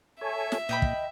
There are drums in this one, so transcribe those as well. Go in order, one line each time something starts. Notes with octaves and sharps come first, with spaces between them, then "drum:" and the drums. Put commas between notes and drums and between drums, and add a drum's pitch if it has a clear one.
A4 C#5 E5 G#5
drum: snare
A#2 D#5 G5 B5
drum: kick